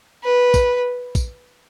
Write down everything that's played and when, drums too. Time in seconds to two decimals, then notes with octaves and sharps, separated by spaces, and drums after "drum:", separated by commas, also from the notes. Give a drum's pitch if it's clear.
0.24 B4
0.54 drum: kick, tambourine
1.15 drum: kick, tambourine